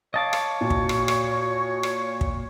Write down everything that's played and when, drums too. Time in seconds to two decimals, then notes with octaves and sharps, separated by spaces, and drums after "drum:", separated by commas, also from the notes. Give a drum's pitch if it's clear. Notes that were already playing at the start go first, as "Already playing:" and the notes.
0.14 C#5 D#5 F5 A5 D6
0.33 drum: rim click
0.61 A#2 F#4
0.70 drum: kick
0.89 drum: rim click
1.08 drum: rim click
1.83 drum: rim click
2.21 drum: kick